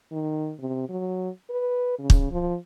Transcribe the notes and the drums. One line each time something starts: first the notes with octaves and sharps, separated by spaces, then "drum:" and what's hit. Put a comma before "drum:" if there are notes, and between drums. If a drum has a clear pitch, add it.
D#3
C3
F#3
B4
C#3
drum: kick
F3